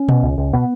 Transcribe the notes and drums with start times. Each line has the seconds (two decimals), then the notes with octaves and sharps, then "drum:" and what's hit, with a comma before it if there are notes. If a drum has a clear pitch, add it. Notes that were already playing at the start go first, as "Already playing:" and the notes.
Already playing: C#4
0.09 B2, drum: tom B2
0.23 C#2
0.38 C#2
0.53 B2 B3